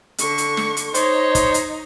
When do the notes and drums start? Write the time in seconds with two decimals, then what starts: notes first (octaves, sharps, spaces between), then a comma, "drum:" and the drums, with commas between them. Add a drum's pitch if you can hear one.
0.18 D3 C#6, drum: hi-hat
0.38 drum: hi-hat
0.57 drum: snare
0.77 drum: hi-hat
0.94 D#4 C5 C#5, drum: hi-hat
1.35 drum: kick, hi-hat
1.54 drum: hi-hat